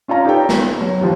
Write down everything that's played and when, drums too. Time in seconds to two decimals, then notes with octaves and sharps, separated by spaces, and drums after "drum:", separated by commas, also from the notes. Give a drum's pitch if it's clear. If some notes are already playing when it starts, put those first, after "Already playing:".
0.08 C#4 F4 C#5 A#5
0.25 D#4 G4 A4 B4 C#5 G5
0.49 B3, drum: snare
0.81 F#3
1.01 D#2 F3